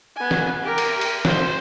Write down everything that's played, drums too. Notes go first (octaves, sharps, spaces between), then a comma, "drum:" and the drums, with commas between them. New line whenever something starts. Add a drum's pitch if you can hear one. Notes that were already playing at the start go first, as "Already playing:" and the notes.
B3 G#5
drum: snare
G4 A#4
drum: cymbal
drum: cymbal
C5, drum: snare